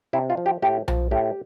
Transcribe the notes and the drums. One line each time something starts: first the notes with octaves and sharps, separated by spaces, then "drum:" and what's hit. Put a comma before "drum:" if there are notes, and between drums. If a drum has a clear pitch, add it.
C3 E4
F4
F3
G4
A2 G4
F3, drum: tom B1
A2 G4